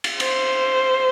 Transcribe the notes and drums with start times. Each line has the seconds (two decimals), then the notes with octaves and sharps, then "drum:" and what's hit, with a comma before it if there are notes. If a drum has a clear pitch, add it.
0.04 drum: cymbal
0.20 C5, drum: cymbal